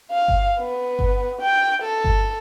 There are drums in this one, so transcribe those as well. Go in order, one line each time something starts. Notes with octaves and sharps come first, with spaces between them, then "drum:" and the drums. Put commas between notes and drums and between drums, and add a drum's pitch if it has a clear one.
F5
drum: kick G1
B3
drum: kick G1
G5
A4
drum: kick G1